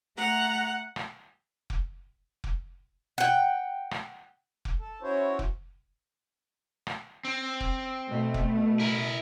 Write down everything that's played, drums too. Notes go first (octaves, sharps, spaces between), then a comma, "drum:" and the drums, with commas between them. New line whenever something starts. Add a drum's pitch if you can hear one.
A3 F#5 A#5
drum: rim click
drum: kick F1
drum: kick F1
F#5 G5
drum: rim click
drum: kick F1
A4
C#4 E4 F#4 C5 C#5
drum: kick F1
drum: rim click
C4
drum: kick F1
B2 A3
drum: kick F1
E4 A#4